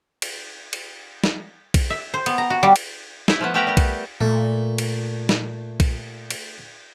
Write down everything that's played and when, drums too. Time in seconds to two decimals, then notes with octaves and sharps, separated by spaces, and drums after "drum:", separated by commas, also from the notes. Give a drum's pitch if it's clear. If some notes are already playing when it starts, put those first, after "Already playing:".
0.22 drum: cymbal
0.73 drum: cymbal
1.24 drum: snare
1.74 drum: kick B1, cymbal
1.90 E5
2.14 C5
2.26 B3, drum: cymbal
2.38 A#5
2.50 F#4
2.63 G3
2.76 drum: cymbal
3.28 A3 E4, drum: snare
3.41 F3 A3 B3
3.54 A3 B3 G4 A#4 B4 G5
3.67 G3 G4
3.77 drum: kick B1, cymbal
4.21 A#2 A3
4.78 drum: cymbal
5.29 drum: snare
5.80 drum: kick B1, cymbal
6.30 drum: cymbal